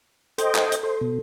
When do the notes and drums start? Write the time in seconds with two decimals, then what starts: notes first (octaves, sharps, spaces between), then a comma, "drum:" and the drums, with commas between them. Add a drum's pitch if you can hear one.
0.38 A4 C5 D#5 G5, drum: hi-hat
0.55 drum: clap
0.72 drum: hi-hat
0.83 A4 C5
1.01 B2